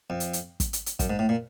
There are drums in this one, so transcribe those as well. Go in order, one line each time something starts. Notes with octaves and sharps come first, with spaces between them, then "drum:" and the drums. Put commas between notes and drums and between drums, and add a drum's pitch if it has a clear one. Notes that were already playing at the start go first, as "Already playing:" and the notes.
F2
drum: hi-hat
drum: hi-hat
drum: kick, hi-hat
drum: hi-hat
drum: hi-hat
F#2, drum: kick, hi-hat
G#2
A2
A#2